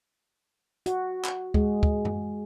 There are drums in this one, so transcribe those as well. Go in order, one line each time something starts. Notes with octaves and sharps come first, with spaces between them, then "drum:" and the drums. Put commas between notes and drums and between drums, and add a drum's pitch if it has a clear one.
F#4, drum: hi-hat
drum: clap
G#3, drum: kick
drum: kick
drum: tom F#2